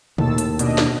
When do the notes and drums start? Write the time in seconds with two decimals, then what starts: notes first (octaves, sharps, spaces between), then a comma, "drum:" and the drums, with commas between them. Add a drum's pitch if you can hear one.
0.18 D#2 A2 D#3 A5 E6, drum: tom A#2
0.38 drum: hi-hat
0.59 B2 D4 D#5, drum: hi-hat
0.78 drum: snare